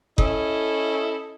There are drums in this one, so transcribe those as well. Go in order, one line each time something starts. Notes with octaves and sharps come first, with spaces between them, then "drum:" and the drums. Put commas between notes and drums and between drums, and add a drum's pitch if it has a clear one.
C#4 E4 A4 D#5, drum: kick F#1